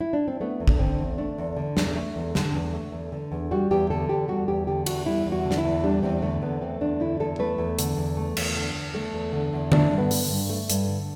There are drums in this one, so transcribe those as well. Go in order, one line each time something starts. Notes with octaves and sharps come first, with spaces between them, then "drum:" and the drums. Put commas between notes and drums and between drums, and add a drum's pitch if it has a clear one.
E4
D4
C4
A3 B3
E2
D4, drum: kick
D3 C4
E2
A3 D4
E2
D3
E2, drum: snare
A3
E2
D3, drum: snare
E2
A3
E2
D3
E2
G3 F#4
E2 G4
D3 A4
E2 G4
G3 F#4
E2 G4
D3 G4
E2 F#4, drum: cymbal
G3 E4
E2
F#4
D3
D4, drum: snare
E4
E2
G3 D4
E2 C4
D3 A3
E2 B3
A3 C4
E2 D4
D3 E4
E2 A4
A3 B4
E2
D3, drum: hi-hat
E2
A3
E2, drum: cymbal
D3
E2
A3 A4
E2
D3
E2
A3 D4, drum: tom D3
G2
B3
D3, drum: open hi-hat
G2
A3
G2, drum: hi-hat
D3